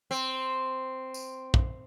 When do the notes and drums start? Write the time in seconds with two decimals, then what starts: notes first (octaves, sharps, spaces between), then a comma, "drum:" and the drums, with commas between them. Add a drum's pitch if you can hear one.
0.11 C4
1.14 drum: tambourine
1.54 drum: kick